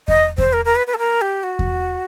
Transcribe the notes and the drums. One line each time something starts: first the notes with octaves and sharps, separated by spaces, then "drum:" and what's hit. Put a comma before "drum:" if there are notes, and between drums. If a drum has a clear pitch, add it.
D#5, drum: kick E2
C5, drum: kick E2
A#4
A#4
B4
B4
A4
A#4
G4
F#4
drum: kick E2